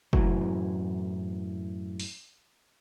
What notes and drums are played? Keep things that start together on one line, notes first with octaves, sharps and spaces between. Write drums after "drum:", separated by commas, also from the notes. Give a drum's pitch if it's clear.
F#2 A2 E3 F#3, drum: kick
drum: open hi-hat